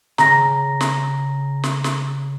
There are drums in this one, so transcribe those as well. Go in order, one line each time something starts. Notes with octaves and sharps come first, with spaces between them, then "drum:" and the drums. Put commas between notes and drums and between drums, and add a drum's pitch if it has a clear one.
C#3 A#5 A#6, drum: snare
drum: snare
drum: snare
drum: snare